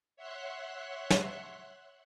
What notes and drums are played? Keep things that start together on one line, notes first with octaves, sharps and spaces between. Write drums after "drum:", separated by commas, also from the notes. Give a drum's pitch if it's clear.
C#5 E5 F#5 C6 F#6
drum: snare